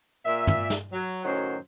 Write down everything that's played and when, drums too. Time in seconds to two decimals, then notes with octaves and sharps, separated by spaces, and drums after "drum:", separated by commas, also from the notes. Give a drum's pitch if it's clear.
0.25 A#2 E5
0.47 drum: tom
0.70 drum: snare
0.91 F#3
1.24 F#2 A2 D#3 F#3 C#4 C5